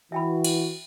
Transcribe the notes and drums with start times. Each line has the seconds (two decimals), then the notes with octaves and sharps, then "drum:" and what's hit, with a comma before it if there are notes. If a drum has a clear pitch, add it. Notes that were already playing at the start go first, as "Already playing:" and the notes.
0.12 E3 F#4 E5 G5 B5
0.44 drum: cymbal